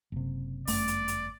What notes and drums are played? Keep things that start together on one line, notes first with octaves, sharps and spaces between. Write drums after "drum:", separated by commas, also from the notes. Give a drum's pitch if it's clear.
F#1 C3
G1 F#2 A3 D5, drum: open hi-hat
drum: hi-hat
drum: hi-hat